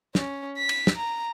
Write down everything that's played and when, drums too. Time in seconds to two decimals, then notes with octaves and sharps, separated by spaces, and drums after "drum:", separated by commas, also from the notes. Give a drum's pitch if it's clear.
0.15 C#4, drum: snare
0.58 B6
0.69 drum: cymbal
0.87 drum: snare
0.97 A#5